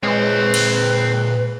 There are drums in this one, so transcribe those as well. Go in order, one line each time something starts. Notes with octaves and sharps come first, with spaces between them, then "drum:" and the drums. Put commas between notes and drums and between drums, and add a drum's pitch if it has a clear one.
A#2 G#3 C4 B4 C#5
drum: cymbal